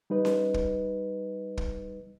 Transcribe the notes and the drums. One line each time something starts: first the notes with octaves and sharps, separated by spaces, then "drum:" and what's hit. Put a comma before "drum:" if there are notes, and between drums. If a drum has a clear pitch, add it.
G3 D#4 B4 D#5
drum: snare C#4
drum: kick
drum: kick